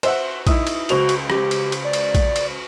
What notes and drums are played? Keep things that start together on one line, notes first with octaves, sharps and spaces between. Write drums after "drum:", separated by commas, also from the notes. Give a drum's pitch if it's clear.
C5 E5 F#5, drum: cymbal
D#4 E4 D#6, drum: kick A#1, cymbal
drum: cymbal
C#2 F#4 C5 F7, drum: cymbal
drum: cymbal
G4, drum: rim click
drum: cymbal
drum: cymbal
D5
drum: cymbal
drum: kick A#1, cymbal
drum: cymbal